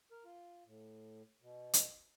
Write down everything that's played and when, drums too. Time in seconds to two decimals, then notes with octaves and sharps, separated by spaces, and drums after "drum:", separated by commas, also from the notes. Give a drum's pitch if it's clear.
0.12 A#4
0.25 F4
0.66 A2
1.41 B2
1.73 drum: hi-hat